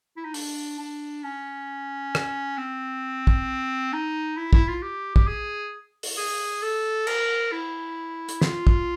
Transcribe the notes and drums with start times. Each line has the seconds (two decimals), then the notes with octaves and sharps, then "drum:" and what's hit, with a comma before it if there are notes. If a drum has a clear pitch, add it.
0.17 E4
0.25 D#4
0.34 D4, drum: open hi-hat
0.79 D4
1.24 C#4
2.15 drum: rim click
2.58 C4
3.27 drum: kick
3.93 D#4
4.37 E4
4.53 E4, drum: kick
4.68 F4
4.83 G4
5.16 G4, drum: kick
5.27 G#4
6.03 drum: open hi-hat
6.17 G#4
6.62 A4
7.07 A#4, drum: cymbal
7.52 E4
8.29 drum: hi-hat
8.41 F4, drum: snare
8.67 drum: kick